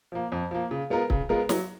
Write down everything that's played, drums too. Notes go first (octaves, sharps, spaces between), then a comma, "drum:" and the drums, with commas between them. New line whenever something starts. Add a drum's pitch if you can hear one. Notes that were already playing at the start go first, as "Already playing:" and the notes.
F3 A#3
F2
F3 A#3
C#3
G#3 B3 F4 A#4
C#3, drum: kick
G#3 B3 F4 A#4
F#3, drum: snare